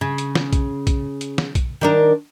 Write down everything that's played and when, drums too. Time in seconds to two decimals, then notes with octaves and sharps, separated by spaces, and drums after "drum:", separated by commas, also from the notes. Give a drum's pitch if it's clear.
0.01 C#3
0.18 drum: hi-hat
0.35 drum: snare
0.53 drum: kick, hi-hat
0.87 drum: kick, hi-hat
1.21 drum: hi-hat
1.38 drum: snare
1.55 drum: kick, hi-hat
1.81 D#3 D4 A#4